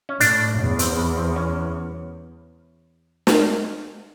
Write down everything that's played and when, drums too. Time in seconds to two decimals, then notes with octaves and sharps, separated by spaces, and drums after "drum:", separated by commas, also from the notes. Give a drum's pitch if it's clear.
0.09 C#4
0.20 A2 D4, drum: hi-hat
0.59 E2 C#4
0.79 C4, drum: hi-hat
0.97 B3
1.17 C4
1.36 C#4
3.27 drum: snare